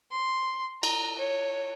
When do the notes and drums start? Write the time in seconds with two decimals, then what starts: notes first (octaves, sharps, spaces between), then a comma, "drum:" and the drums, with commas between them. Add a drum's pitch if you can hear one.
0.12 C6
0.83 A#5, drum: cymbal
1.19 C#5